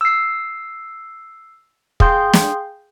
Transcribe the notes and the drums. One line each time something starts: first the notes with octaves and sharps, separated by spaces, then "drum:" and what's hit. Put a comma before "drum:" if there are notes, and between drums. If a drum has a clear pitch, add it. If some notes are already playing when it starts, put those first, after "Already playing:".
E6 C7
G#4 F5 G5 C6 G6, drum: kick
drum: snare